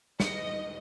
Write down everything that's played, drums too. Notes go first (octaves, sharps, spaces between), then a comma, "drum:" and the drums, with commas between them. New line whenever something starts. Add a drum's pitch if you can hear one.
D#5 C#7, drum: snare